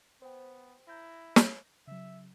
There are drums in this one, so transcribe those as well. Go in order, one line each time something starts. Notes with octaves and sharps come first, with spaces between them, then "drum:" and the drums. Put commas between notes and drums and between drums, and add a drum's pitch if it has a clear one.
B3 C5 G5
E4 A#5 G6 A#6
drum: snare
C#3 F#3 E5